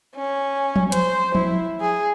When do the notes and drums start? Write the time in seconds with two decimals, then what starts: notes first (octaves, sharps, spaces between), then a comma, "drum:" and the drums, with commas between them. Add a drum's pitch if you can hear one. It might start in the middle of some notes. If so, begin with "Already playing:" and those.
0.16 C#4
0.76 drum: tom F3
0.92 C5, drum: hi-hat
1.35 E4, drum: tom F3
1.81 G#4